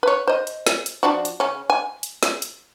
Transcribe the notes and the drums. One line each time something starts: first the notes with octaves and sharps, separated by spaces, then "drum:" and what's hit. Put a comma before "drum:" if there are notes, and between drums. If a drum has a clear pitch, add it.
B4 C#5
C5 D#5
drum: hi-hat
drum: snare
drum: hi-hat
F3 D4 F#4
drum: hi-hat
C#3 C#4
G#5
drum: hi-hat
drum: snare
drum: hi-hat